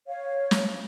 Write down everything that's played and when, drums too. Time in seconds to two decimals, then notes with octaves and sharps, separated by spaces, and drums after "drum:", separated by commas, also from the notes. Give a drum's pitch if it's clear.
0.08 C#5 F5
0.51 drum: snare